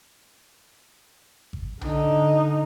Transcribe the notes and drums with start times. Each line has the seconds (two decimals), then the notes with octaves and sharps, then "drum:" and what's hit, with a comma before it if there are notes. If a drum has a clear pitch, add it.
1.53 drum: kick G#1
1.81 D3 D#4, drum: tom B1